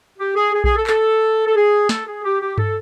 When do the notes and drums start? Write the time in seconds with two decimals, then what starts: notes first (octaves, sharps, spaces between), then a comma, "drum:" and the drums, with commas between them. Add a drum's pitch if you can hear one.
0.19 G4
0.36 G#4
0.53 G#4
0.64 G#4, drum: kick A#1
0.76 A4
0.87 A4, drum: clap
1.46 A4
1.55 G#4
1.89 A4, drum: snare
2.06 G#4
2.24 G4
2.40 G4
2.58 A4, drum: tom G2